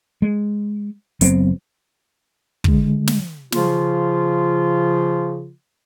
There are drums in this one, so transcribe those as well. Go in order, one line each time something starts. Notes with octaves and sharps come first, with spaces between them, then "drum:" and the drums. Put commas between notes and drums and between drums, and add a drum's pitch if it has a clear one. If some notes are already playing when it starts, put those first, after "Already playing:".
G#3
F#1 F#3 B3 C4, drum: hi-hat
D3 G#3, drum: kick
drum: snare
C#3 F3 F4, drum: snare